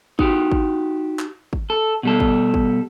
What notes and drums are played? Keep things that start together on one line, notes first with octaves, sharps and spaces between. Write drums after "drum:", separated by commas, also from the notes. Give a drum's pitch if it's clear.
D#4 F#4 G4, drum: kick
drum: kick
drum: clap
drum: kick
A4
B2 G3 A4
drum: kick
drum: kick